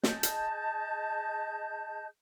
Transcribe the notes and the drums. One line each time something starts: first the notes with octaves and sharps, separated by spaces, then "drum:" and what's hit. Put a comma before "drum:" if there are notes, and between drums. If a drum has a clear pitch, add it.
G#4 D#5 A5 G6, drum: snare
drum: hi-hat